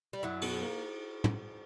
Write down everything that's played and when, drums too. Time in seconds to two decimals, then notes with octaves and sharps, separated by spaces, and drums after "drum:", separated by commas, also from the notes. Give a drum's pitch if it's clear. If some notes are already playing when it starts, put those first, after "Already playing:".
0.13 G3
0.23 F#2 F#3 E4
0.42 B2, drum: cymbal
0.61 A#3
1.24 drum: tom